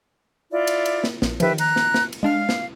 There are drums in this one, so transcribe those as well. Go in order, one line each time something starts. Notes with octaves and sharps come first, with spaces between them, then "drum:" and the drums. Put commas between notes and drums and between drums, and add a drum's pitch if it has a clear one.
E4 F4 D5
drum: cymbal
drum: cymbal
drum: snare
A#1, drum: snare
D#3 F3 G4 B4 E5, drum: cymbal
A#5 F#6, drum: cymbal
drum: snare
drum: snare
drum: cymbal
G#3 D4 F5 F6
drum: snare